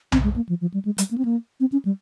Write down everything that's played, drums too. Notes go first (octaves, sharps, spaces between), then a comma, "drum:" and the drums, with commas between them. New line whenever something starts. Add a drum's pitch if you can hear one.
C4, drum: tom B1
G#3
A#3
F3
F3
G3
G#3
G3, drum: hi-hat
A#3
C4
A#3
C4
C#4
G3